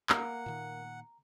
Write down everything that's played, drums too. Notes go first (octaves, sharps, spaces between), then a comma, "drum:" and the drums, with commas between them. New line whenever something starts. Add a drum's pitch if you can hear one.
A#3 F#5 A#5, drum: clap
A#2 D#3